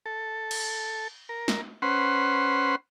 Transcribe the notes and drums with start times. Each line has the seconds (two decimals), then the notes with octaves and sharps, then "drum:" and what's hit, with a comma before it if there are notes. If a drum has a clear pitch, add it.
0.06 A4
0.51 drum: cymbal
1.29 A#4
1.48 drum: snare
1.82 C#4 B4 C5 F#5 C6